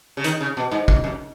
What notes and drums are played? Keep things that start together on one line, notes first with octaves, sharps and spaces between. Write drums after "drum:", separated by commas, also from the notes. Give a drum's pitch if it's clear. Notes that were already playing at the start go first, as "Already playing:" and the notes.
C#3
D#3, drum: hi-hat
C#3
B2
G#2
F#2, drum: kick
F#2